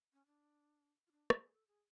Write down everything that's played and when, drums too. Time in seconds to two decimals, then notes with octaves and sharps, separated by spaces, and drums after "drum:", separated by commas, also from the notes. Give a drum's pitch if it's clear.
0.13 C#4
0.26 D4
1.07 F4
1.12 D4
1.30 drum: rim click
1.39 G#4
1.54 A4
1.68 G#4